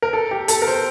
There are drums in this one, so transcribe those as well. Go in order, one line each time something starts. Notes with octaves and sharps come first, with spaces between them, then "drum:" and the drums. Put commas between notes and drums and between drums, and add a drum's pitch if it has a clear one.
A#4
A4
G4
A4, drum: hi-hat
A#4
C5